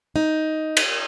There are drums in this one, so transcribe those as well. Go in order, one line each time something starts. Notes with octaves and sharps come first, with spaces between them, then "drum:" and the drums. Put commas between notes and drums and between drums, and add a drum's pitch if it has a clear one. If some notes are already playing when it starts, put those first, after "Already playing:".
D#4
drum: cymbal